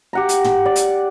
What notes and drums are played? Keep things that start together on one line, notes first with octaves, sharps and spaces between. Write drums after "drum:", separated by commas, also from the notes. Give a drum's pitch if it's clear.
G4 F#5 A#5
drum: hi-hat
drum: tom
D5
drum: hi-hat